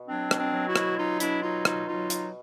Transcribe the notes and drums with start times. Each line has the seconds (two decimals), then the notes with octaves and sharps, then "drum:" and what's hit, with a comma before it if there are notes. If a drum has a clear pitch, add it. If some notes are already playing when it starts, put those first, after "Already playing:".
Already playing: B2
0.08 F#3 C4 D4
0.31 B2, drum: rim click
0.38 C4 D4
0.53 F#3
0.68 E4 F#4
0.76 B2, drum: rim click
0.98 F#3 D#4 F4
1.20 B2 D4 E4, drum: hi-hat
1.43 F#3 D#4 F4
1.65 B2 D#4 F4, drum: rim click
1.88 F#3 D#4 F4
2.10 B2, drum: hi-hat